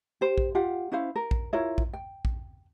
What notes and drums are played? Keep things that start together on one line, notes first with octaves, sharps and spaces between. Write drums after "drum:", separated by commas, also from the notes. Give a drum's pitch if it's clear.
G4 C5
drum: kick A#1
F4 G4 F5 F#5
C#4 E4 C5 F5
A#4
drum: kick A#1
E4 F4 A#4 C#5
drum: kick A#1
G5
drum: kick A#1